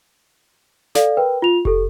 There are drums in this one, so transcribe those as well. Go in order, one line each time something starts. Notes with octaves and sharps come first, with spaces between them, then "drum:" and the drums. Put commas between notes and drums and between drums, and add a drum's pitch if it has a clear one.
A4 D5 F5, drum: snare
A#4 B4 G5
F4 F7
G4 A4, drum: kick F1